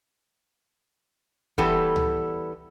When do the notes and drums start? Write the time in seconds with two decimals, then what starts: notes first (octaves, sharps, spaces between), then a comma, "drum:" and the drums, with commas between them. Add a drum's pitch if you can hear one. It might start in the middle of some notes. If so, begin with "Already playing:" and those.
1.58 E3 G3 B3 A4, drum: kick
1.96 drum: tom C#2